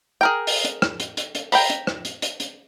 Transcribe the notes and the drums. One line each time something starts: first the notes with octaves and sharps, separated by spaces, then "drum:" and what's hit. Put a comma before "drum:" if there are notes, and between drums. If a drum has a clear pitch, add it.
G#4 A#4 G5
drum: open hi-hat
drum: hi-hat
drum: rim click
drum: hi-hat
drum: hi-hat
drum: hi-hat
G5 A#5 B5, drum: open hi-hat
drum: hi-hat
drum: rim click
drum: hi-hat
drum: hi-hat
drum: hi-hat